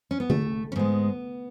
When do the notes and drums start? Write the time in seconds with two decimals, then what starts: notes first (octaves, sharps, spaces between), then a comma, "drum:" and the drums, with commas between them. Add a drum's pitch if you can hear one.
0.11 C#4
0.20 B3
0.30 A3, drum: tom D3
0.72 C#4
0.76 G#2 G#3 B3